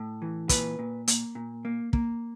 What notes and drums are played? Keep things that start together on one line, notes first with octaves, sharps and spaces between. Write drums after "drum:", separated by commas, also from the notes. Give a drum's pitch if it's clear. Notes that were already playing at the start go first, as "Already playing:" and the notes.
Already playing: A2
E3
A#2 B4, drum: kick, hi-hat
A#2
A#3, drum: hi-hat
A#2
A#3
A#3, drum: kick